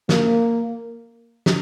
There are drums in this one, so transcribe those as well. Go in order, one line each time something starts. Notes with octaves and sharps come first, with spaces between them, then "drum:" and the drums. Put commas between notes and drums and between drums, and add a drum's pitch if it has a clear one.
A#3, drum: snare
drum: snare